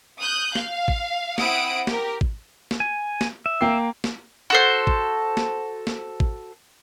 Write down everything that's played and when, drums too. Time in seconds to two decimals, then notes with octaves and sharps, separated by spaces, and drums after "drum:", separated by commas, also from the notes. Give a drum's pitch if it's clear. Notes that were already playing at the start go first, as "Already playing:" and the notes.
0.19 D#6 F#6 G6
0.55 F5, drum: snare
0.88 drum: kick G#1
1.38 C4 E4 F#5 D#6 D7, drum: snare
1.87 G4 A#4, drum: snare
2.21 drum: kick G#1
2.71 drum: snare
2.80 G#5
3.21 drum: snare
3.46 E5
3.61 A#3 G5 C7
4.04 drum: snare
4.50 F#4 A4 C5
4.87 drum: kick G#1
5.37 drum: snare
5.87 drum: snare
6.20 drum: kick G#1